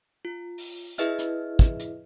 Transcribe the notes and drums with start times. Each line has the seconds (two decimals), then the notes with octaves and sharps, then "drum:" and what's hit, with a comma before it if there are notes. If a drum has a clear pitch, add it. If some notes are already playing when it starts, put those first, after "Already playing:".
0.25 F4
0.58 drum: open hi-hat
0.98 E4 G#4 B4 D#5 E5 F6, drum: hi-hat
1.19 drum: hi-hat
1.59 drum: kick
1.79 drum: hi-hat